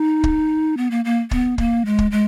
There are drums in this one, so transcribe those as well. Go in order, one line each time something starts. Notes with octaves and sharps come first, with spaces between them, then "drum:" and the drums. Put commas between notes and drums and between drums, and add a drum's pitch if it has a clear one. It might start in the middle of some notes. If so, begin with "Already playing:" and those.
Already playing: D#4
drum: kick
B3
A#3
A#3
B3, drum: kick
A#3, drum: kick
G#3
drum: kick
G#3